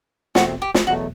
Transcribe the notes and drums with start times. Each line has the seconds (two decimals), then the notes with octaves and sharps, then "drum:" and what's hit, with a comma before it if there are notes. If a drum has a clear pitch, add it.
0.35 E2 B2 A3 C4 F#4, drum: snare
0.62 G4
0.74 drum: snare
0.87 E2 B2 F#3 A3 F#4